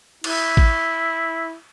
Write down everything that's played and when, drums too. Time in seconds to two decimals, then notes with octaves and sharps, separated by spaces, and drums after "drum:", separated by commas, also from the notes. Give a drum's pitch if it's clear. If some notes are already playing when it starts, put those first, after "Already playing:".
0.24 E4, drum: cymbal
0.57 drum: kick A1